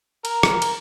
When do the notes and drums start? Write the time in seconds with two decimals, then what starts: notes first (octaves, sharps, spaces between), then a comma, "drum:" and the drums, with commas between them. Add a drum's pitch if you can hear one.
0.25 A#4, drum: cymbal
0.43 drum: rim click
0.62 drum: cymbal